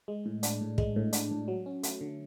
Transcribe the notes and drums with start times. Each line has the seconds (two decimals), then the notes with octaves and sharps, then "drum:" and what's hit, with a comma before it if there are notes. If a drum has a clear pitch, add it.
0.08 G#3
0.26 A2
0.43 D4, drum: hi-hat
0.61 A2
0.78 G#3, drum: kick
0.96 A2
1.13 D4, drum: hi-hat
1.31 A2
1.48 F#3
1.66 C#4
1.83 A3, drum: hi-hat
2.01 D3